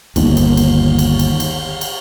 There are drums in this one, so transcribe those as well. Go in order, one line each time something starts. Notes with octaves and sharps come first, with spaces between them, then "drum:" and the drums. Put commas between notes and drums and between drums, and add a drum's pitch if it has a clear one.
G1 D#2, drum: cymbal
drum: cymbal
drum: cymbal
drum: cymbal
drum: cymbal
drum: cymbal
drum: cymbal